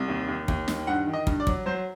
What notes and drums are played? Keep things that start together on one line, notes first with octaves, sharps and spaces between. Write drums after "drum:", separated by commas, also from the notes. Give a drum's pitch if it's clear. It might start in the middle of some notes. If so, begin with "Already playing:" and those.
Already playing: C2
D#2
D#2
D#2, drum: kick
D#3, drum: snare
G2 F#5
D#3
D#5
G2, drum: kick
D5
F#3, drum: kick
F#3 C5